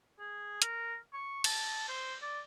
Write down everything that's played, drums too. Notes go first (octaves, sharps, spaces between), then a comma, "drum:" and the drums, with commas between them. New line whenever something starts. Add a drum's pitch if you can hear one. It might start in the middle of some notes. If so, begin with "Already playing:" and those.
G#4
A#4, drum: hi-hat
C#6
A5, drum: cymbal
C5
D5